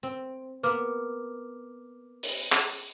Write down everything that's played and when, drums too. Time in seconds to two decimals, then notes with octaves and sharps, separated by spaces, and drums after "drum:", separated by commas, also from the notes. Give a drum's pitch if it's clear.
0.03 C4
0.63 A#3 B3 B4 D6 F6
2.23 drum: open hi-hat
2.52 drum: clap